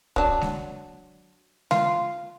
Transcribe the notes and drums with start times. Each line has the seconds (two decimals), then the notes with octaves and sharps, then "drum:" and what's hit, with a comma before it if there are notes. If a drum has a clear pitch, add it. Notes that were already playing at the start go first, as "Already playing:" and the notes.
0.16 F#3 D4, drum: kick
0.41 drum: snare G#3
1.71 F4, drum: snare G#3